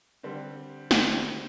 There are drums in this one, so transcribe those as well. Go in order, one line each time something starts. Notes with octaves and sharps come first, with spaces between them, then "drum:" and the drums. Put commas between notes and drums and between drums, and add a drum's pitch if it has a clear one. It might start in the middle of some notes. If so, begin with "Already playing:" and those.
D3 G3 C4
D3 G3 C4, drum: snare